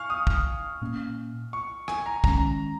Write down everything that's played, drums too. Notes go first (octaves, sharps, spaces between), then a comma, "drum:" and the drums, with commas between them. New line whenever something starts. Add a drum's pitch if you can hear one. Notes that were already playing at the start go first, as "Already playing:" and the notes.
Already playing: F5 G#5 C#6 F6
D#6
drum: kick
A#2 A#3 C#4
C#6
G#5, drum: rim click
A#5
D#3 G#3 C#4 A#5, drum: kick